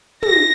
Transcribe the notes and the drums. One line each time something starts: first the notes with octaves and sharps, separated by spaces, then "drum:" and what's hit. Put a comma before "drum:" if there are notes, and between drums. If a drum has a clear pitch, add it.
A#6, drum: tom